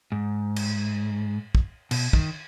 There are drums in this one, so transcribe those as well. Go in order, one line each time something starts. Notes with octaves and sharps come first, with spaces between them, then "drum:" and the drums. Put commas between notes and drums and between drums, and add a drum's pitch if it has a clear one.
G#2
drum: cymbal
drum: kick
B2, drum: cymbal
D#3, drum: kick